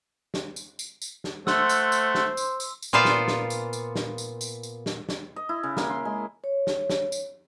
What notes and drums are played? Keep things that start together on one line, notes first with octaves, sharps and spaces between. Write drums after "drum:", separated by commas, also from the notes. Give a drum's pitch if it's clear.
drum: snare
drum: tambourine
drum: tambourine
drum: tambourine
drum: snare
A3 C5 F#5 C6 E6, drum: snare
drum: tambourine
drum: tambourine
drum: snare
drum: tambourine
drum: tambourine
drum: tambourine
A#2 B3 F4 C5 D5 F5
drum: snare
drum: snare
drum: tambourine
drum: tambourine
drum: snare
drum: tambourine
drum: tambourine
drum: tambourine
drum: snare
drum: snare
D#5
E4
C#3
A#3, drum: snare
C6
G#3
C#5
drum: snare
drum: snare
drum: tambourine